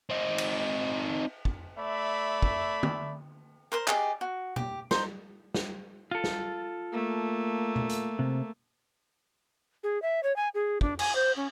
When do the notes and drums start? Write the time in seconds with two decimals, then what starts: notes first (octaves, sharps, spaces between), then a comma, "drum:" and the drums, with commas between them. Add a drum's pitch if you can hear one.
0.10 C4 D#4
0.38 drum: cymbal
1.45 drum: kick
1.78 A3 D5 E5 B5
2.43 drum: kick
2.83 drum: tom
3.72 A#4 C5 C6
3.88 G4 G#4 D5 D#5, drum: clap
4.21 F#4
4.56 G4, drum: tom B2
4.91 D#4 C5 C6, drum: snare
5.55 drum: snare
6.11 F4 A4
6.24 drum: snare
6.92 A3 A#3
7.76 drum: tom B2
7.89 drum: hi-hat
8.19 C3
9.83 G#4
10.02 E5
10.23 C#5
10.36 G#5
10.54 G#4
10.81 D4, drum: kick
10.99 G#5, drum: cymbal
11.15 C5
11.36 C#4